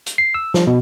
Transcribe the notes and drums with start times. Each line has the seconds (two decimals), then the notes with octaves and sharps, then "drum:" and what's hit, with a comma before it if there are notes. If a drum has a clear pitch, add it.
0.06 drum: hi-hat
0.18 C7
0.34 E6
0.54 F3, drum: snare
0.67 B2